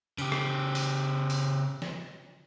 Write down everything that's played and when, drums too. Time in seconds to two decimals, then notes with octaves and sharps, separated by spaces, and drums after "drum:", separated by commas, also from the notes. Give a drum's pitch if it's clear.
0.18 C#3 G4, drum: tambourine
0.32 drum: rim click
0.75 drum: open hi-hat
1.30 drum: open hi-hat
1.82 drum: snare